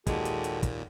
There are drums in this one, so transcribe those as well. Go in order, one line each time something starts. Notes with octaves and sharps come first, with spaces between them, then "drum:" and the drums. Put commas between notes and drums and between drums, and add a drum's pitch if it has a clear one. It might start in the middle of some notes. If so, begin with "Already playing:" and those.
D#2 A#2 G#3 F#4 G4 A4, drum: kick, hi-hat
drum: hi-hat
drum: hi-hat
drum: kick, hi-hat